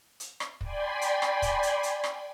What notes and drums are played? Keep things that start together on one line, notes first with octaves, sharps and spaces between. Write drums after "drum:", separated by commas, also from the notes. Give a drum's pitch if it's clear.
drum: hi-hat
drum: rim click
D5 G5 G#5 B5 C6, drum: kick
drum: hi-hat
drum: rim click
drum: kick, hi-hat
drum: hi-hat
drum: hi-hat
drum: rim click